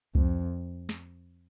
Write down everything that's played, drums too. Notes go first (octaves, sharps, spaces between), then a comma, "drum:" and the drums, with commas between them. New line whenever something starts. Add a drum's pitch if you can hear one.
F2, drum: kick C#2
drum: snare